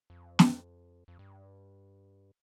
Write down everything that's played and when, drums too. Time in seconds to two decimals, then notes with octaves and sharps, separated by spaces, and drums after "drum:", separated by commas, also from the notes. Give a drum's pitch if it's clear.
0.10 F2
0.39 drum: snare
1.08 F2
1.19 G2